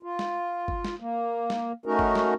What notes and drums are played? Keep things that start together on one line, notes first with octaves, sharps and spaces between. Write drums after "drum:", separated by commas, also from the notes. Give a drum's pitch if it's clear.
F4
drum: snare
drum: kick G1
drum: snare
A#3
drum: snare
A3 C#4 D#4 F#4 A#4
drum: kick G1
drum: snare